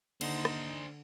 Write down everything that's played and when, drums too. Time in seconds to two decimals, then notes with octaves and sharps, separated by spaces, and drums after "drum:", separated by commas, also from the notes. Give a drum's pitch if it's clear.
0.21 D#2 D3 D4 D#4 C5 C6, drum: cymbal
0.45 drum: rim click